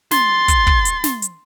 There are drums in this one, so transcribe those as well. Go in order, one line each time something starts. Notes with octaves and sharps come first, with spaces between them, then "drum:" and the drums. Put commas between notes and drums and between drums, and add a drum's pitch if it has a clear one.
C6 A6, drum: snare
drum: kick, hi-hat
drum: kick
drum: hi-hat
drum: snare
drum: hi-hat